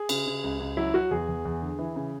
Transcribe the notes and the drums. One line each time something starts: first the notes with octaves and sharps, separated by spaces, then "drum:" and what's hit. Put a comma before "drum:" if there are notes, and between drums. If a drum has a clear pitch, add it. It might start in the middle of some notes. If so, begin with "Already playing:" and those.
Already playing: G#4
C#3, drum: cymbal
C#3
C#2
C#2
F#3 E4
F#3 F#4
E2 G#4
E2
E2
D3
E3
C#3